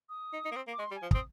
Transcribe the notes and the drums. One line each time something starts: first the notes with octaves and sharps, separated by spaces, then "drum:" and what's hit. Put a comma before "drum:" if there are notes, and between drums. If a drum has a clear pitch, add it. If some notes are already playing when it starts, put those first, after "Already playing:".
D#6
D#4
D#4
A#3
C4
A#3
D6
G#3 C6
G3
G#5
F3
C4 D#6, drum: kick